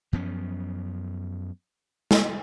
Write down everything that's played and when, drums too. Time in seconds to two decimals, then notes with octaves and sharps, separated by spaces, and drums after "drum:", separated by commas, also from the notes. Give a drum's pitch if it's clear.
0.13 F#2 F3 B3 C#4
2.11 drum: snare